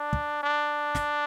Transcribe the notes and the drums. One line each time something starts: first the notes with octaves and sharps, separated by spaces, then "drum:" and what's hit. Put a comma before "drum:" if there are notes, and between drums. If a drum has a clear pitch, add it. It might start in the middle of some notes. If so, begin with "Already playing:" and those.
Already playing: D4
drum: kick
D4
drum: snare